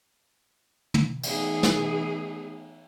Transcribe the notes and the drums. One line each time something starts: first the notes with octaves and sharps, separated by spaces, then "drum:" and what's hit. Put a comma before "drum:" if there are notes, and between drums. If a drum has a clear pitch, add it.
drum: tom
E3 A3 B3 D#4 G#4, drum: cymbal
drum: snare